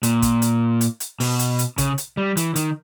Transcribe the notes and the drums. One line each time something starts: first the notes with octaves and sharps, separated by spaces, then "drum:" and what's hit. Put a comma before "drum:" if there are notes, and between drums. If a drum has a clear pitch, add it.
A#2, drum: hi-hat
drum: kick, hi-hat
drum: hi-hat
drum: hi-hat
drum: hi-hat
B2, drum: open hi-hat
drum: hi-hat
drum: hi-hat
C#3, drum: kick, hi-hat
drum: hi-hat
G3
E3, drum: hi-hat
D#3, drum: hi-hat